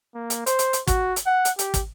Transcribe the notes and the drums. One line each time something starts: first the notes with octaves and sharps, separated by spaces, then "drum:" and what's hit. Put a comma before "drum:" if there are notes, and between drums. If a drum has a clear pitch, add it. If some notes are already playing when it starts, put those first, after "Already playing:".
A#3
drum: hi-hat
C5, drum: hi-hat
drum: hi-hat
drum: hi-hat
F#4, drum: kick, hi-hat
drum: hi-hat
F#5
drum: hi-hat
G4, drum: hi-hat
drum: kick, hi-hat